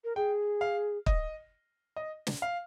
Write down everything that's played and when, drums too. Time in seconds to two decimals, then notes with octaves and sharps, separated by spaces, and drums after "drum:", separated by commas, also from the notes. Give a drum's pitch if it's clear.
0.04 A#4
0.16 G#4 G5
0.61 F5
1.06 D#5, drum: kick
1.96 D#5
2.27 drum: snare
2.42 F5